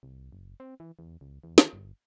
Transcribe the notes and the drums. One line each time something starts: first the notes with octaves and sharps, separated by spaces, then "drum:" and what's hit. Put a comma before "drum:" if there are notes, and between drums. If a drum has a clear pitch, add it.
C2
F#1
C4
E3
E2
C#2
E2
D#3, drum: snare
G1